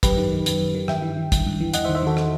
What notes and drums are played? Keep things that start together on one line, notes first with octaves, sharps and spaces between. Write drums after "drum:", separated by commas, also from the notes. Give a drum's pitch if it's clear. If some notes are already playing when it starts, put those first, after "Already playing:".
F#2 G4 B4, drum: kick, hi-hat
D#3
D#3
F#2, drum: hi-hat
F#2
D#3
G2 E5 G5, drum: rim click
E3
E3
G2, drum: kick, hi-hat
G2
E3
E2 D#5 F#5, drum: hi-hat
C5 E5
D#3
C5 E5
D#3 F#4 A4
drum: rim click